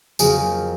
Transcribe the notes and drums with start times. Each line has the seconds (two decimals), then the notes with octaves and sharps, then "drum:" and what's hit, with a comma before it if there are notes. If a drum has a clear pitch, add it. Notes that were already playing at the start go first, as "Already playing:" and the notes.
0.19 F2 C#3 F#3 A#3 G#4, drum: tambourine